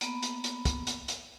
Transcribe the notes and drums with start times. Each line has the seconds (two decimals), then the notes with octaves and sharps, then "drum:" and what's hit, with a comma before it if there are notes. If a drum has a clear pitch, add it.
0.01 A#3 B3 B5, drum: hi-hat
0.23 drum: hi-hat
0.44 drum: hi-hat
0.65 drum: kick, hi-hat
0.87 drum: hi-hat
1.08 drum: hi-hat